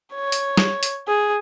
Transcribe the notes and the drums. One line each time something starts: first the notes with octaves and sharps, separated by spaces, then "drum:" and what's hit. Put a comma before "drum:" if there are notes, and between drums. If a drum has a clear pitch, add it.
C#5
drum: hi-hat
drum: snare
drum: hi-hat
G#4